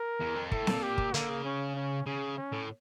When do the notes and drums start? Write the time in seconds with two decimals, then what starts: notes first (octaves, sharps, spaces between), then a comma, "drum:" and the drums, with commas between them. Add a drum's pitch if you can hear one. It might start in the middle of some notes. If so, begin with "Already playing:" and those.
Already playing: A#4
0.21 E2
0.36 F2
0.52 A2 A4, drum: kick
0.67 A#2, drum: snare C4
0.83 G4
0.98 drum: kick
1.14 D3 A#3, drum: hi-hat
1.29 C#3
1.44 C#4
1.76 C#4
2.06 C#3 C#4
2.37 C#4
2.53 A2